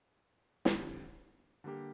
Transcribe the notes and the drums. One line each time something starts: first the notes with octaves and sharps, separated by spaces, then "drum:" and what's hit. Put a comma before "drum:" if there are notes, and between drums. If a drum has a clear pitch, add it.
F2 D3 G3, drum: snare
D3 G3 A#3 G4